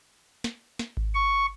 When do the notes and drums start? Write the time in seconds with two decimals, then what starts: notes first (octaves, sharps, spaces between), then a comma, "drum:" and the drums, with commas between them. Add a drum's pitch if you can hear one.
0.44 drum: snare
0.79 drum: snare
0.97 drum: kick G#1
1.15 C#6